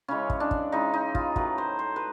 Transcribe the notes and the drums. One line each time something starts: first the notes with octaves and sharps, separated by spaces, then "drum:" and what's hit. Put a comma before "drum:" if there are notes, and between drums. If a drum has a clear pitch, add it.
C#3 E3 G#3 C#4
drum: kick
D4
drum: kick
C#3 E3 G#3 D#4
D#4
F4, drum: kick
A2 F#3 A3 B4, drum: kick
C5
C5
B4